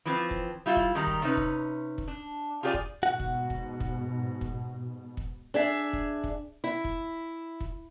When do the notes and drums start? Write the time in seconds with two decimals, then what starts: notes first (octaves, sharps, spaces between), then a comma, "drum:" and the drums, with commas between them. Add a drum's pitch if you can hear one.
0.06 E3 F3 C4
0.31 drum: kick
0.66 G3 E4 F4
0.76 drum: kick
0.95 D#3 G3 G#3 D#4 A#5
1.07 drum: kick
1.22 C3 C#4 D#4 B4
1.37 drum: kick
1.98 drum: kick
2.08 D4
2.63 F4 G4 G#4 A#4 D5 G#5
2.74 drum: kick
3.03 G#2 B2 F#4 F#5
3.20 drum: kick
3.50 drum: kick
3.80 drum: kick
4.41 drum: kick
5.17 drum: kick
5.54 D4 G#4 E5
5.93 drum: kick
6.24 drum: kick
6.64 E4
6.84 drum: kick
7.60 drum: kick